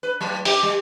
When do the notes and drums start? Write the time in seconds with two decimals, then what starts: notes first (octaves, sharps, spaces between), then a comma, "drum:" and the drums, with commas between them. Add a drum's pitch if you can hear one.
0.03 B4
0.21 F#3
0.45 G4, drum: open hi-hat
0.63 G3